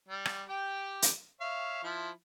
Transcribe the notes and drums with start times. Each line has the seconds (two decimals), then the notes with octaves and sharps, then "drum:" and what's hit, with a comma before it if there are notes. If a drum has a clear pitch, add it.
0.08 G3
0.26 drum: rim click
0.49 G4 G5
1.02 drum: hi-hat
1.41 C#5 E5 F5
1.84 F3 E4